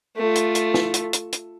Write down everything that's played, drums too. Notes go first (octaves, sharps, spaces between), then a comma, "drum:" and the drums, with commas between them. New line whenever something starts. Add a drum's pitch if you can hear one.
A3 F4
drum: hi-hat
drum: hi-hat
drum: snare
drum: hi-hat
drum: hi-hat
drum: hi-hat